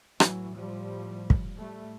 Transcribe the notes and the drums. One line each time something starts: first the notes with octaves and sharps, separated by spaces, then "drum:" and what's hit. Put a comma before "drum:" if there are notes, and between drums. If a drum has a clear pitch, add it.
A2 E3 F#3, drum: rim click
F3 G3
drum: kick
A2 G3 A3